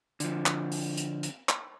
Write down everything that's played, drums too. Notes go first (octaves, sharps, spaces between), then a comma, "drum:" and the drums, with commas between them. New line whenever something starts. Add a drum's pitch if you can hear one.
D3 F3, drum: hi-hat
drum: clap
drum: open hi-hat
drum: hi-hat
drum: hi-hat
drum: clap